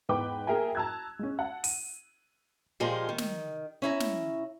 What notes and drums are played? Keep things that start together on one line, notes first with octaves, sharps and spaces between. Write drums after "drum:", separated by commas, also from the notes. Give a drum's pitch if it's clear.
E2 G#2 B4 G5 D6
A#3 G#4 A#4 E5 G5 G#5
A5 A#5 E6 F#6 G#6
G#3 C#4
F#5 A5
D#7, drum: open hi-hat
A#2 F3 G#3 G4 A#4
D#3
drum: snare
C#4 E4 A#5
drum: snare